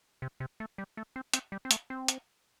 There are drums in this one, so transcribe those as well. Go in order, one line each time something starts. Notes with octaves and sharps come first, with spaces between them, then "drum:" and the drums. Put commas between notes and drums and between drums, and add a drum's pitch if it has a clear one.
C3
C3
A3
G3
A3
C4
C4, drum: hi-hat
G3
C4
A3, drum: hi-hat
C4
drum: hi-hat